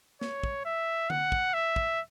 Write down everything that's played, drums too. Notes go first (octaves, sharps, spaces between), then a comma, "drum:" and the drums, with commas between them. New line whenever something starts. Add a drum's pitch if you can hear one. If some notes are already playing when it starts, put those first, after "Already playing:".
C#5, drum: snare
drum: kick
E5
F#5, drum: tom D3
drum: kick
E5
drum: kick